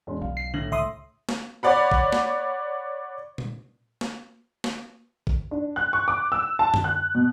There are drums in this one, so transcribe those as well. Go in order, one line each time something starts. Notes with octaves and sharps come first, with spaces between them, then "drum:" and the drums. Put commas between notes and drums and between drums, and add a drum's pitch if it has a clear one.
E1 C#4 C6
B1 F5
C7
A2 D3 A#6 F#7
C#2 E5 C6 D#6
drum: snare
C#5 D5 F#5 B5
drum: kick
drum: snare
drum: tom A#2
drum: snare
drum: snare
drum: kick
D4
F#6
C#6
D6
E6
A5
drum: tom F#2
F#6
B2